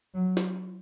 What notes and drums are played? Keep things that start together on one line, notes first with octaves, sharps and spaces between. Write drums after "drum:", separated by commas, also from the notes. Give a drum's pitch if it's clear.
F#3
drum: snare